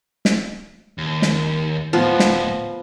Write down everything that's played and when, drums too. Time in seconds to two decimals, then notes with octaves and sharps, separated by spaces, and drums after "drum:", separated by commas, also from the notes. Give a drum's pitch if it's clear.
0.25 drum: snare
0.98 D#2
1.22 drum: snare
1.93 D2 A2 F3 B3
2.19 drum: snare